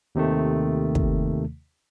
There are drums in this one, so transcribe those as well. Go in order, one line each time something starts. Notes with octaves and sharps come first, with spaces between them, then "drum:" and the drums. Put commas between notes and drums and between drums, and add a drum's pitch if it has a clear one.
D#2 C3 D#3 A3
drum: kick